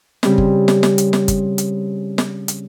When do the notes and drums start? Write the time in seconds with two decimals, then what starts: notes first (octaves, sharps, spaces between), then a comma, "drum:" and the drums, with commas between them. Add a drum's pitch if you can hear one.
0.23 C#3 G3 C4, drum: snare
0.38 drum: kick G1
0.68 drum: snare
0.83 drum: snare
0.98 drum: hi-hat
1.13 drum: snare
1.28 drum: kick G1, hi-hat
1.58 drum: hi-hat
2.18 drum: snare
2.48 drum: hi-hat